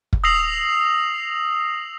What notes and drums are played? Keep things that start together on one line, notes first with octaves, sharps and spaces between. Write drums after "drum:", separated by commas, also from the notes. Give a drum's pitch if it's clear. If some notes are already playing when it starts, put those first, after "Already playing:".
drum: kick
D#6 E6 A#6 C7 F7 F#7